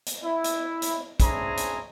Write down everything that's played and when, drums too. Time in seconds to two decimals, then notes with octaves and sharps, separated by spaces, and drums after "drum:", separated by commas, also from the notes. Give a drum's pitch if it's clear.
0.06 drum: hi-hat
0.23 E4
0.44 drum: hi-hat
0.82 drum: hi-hat
1.20 C#4 D4 E4 G#4 C5 A#5, drum: kick, hi-hat
1.57 drum: hi-hat